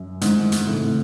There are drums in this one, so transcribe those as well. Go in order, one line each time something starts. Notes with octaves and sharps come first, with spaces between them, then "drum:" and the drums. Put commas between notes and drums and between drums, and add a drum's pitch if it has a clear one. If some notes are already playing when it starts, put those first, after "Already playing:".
Already playing: F#2
G#2 D#3 A3 C#4 E4, drum: hi-hat
drum: hi-hat
A2 C#3 E3 C4